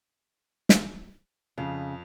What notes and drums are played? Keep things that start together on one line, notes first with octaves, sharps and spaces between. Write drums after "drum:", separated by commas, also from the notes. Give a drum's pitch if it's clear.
drum: snare
F2 C#3